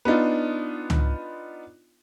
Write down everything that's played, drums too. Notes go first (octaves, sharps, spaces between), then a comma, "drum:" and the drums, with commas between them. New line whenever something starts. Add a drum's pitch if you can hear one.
B3 D4 D#4 F4
drum: tom